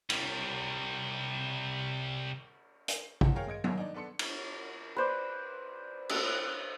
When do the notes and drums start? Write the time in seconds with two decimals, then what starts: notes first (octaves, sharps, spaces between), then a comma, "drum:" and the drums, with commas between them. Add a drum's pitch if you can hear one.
0.10 C3 G3, drum: cymbal
2.88 drum: hi-hat
3.21 F3 F#3 F#4, drum: kick A1
3.36 G#4 A#4 C#5 F5 G5
3.47 G#3 D#5 G#6 D7
3.64 A#4 C#5 D#5 E5 G#5, drum: tom F#3
3.77 D4 D#4
3.94 B3 D4 A4 C6 C#7
4.19 drum: cymbal
4.97 B4 C5 D5
6.09 drum: cymbal